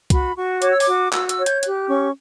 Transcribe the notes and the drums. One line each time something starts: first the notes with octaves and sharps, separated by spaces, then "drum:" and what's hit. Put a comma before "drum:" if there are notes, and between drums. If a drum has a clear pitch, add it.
F#4 B5, drum: kick, hi-hat
F#4 C#6
C#5 D6, drum: hi-hat
E6
D6, drum: open hi-hat
F#4
F#4 E6, drum: clap
E6, drum: hi-hat
C#5
G6, drum: hi-hat
G4 F#6, drum: hi-hat
C#4 C#6